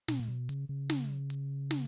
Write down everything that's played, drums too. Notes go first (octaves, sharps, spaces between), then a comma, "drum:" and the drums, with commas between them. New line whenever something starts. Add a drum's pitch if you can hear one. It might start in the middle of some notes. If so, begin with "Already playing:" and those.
B2, drum: snare
A#2
B2
C#3, drum: hi-hat
C#3
drum: snare
drum: hi-hat
drum: snare